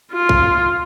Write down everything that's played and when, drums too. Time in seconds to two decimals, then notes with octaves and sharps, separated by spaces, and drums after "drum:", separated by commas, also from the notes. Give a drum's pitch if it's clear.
0.13 F4
0.29 drum: kick